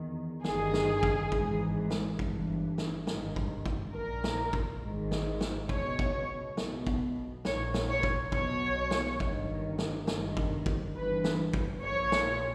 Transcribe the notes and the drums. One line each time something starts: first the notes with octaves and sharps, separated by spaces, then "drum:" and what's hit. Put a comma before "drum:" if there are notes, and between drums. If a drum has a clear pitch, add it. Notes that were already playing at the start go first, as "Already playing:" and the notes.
Already playing: E2 D#3
G1 G2 D#3 G#4, drum: snare
drum: snare
drum: kick
G#1 G#2 E3, drum: kick
drum: snare
G1 G2 E3, drum: kick
drum: snare
G#1 G2 D#3, drum: snare
drum: kick
drum: kick
A#1 A#2 A#4
drum: snare
drum: kick
G#1 G#2 D#3
drum: snare
drum: snare
C#2 B2 C#5, drum: kick
drum: kick
B1 B2, drum: snare
drum: kick
A#1 A#2 C#5, drum: snare
drum: snare
C#5
drum: kick
B1 B2 C#5, drum: kick
drum: snare
G1 G2 D#3, drum: kick
drum: snare
G1 G2 D#3, drum: snare
drum: kick
drum: kick
G1 G2 E3 B4
drum: snare
drum: kick
A#1 A#2 C#5
drum: snare